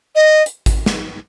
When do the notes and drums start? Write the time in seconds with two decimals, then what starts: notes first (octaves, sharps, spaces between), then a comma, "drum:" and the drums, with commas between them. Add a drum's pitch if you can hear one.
0.15 D#5
0.46 drum: hi-hat
0.66 drum: kick G#1, hi-hat
0.86 drum: snare